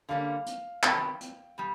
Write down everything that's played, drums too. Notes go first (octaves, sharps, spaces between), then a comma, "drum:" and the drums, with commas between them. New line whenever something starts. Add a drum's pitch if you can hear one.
D3 G3 A#3 C#4 F5
drum: hi-hat
C3 D#3 F#3 B3 G5, drum: clap
drum: hi-hat
B2 G3